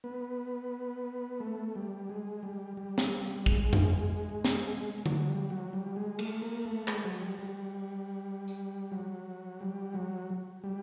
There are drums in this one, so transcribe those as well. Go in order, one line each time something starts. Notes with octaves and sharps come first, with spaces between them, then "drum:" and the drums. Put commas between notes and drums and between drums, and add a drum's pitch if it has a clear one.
B3
A3
G3
G#3
G3
G3
drum: snare
G#3, drum: kick
drum: tom F2
drum: snare
F#3, drum: tom D3
G3
F#3
G3
G#3
A3, drum: cymbal
A#3
A3
G#3, drum: clap
F#3
G3
G3
drum: tambourine
F#3
G3
F#3
G3